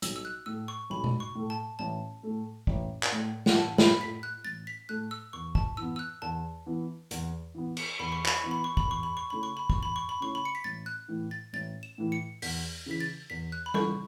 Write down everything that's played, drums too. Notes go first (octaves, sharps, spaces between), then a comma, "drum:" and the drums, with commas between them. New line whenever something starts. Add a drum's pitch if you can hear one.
B1 E6, drum: hi-hat
E6
F#6
A2 A3 E6
C#6
B1 B5
drum: tom B2
C#6
A2 A3
A5
A1 A5
A2 A3
A1, drum: kick
drum: clap
A2 A3
F#5, drum: snare
A1 A5
B5, drum: snare
A2 A3 B6
F#6
A1 A6
B6
A2 A3 F#6
E6
E2 C#6
A5, drum: kick
E3 B3 E6
E6
F#6
E2 A5
E3 B3
E2, drum: hi-hat
E3 B3
drum: cymbal
E2 B5
C#6
B5, drum: clap
C#6
E3 B3
B5
C#6
B5, drum: kick
E2 C#6
B5
C#6
C#3 A3 C#4 E4 B5
C#6
B5
C#6, drum: kick
E2
B5
C#6
B5
C#3 A3 C#4 E4 C#6
B5
C#7
B6
A1 A6
F#6
A2 E3
A6
A1 A6
E7
A2 E3
C#7
E2 B6, drum: open hi-hat
C#3 E3 B6
A6
E2 B6
F#6
B5
C#3 E3 C#6, drum: tom G3